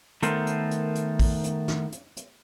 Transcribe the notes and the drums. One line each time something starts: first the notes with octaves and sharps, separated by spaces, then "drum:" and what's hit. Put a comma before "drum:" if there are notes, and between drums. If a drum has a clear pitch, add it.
D#3 A3 B3 A4 A#4 C5, drum: hi-hat
drum: hi-hat
drum: hi-hat
drum: hi-hat
drum: kick, open hi-hat
drum: hi-hat
drum: snare
drum: hi-hat
drum: hi-hat